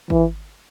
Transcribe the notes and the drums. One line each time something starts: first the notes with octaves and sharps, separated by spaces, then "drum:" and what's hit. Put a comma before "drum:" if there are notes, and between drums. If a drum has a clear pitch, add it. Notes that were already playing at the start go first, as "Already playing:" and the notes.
E3, drum: kick